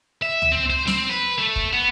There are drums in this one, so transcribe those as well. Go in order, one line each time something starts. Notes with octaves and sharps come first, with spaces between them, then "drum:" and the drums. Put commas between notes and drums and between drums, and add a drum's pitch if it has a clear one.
E5
drum: tom C#2
C4
C5
C4, drum: snare
B4
A3
drum: kick
B3